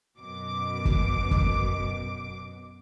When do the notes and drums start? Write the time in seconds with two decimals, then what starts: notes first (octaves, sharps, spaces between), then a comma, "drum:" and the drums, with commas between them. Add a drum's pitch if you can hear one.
0.17 F#2 B2 D6
0.85 drum: kick
1.31 drum: kick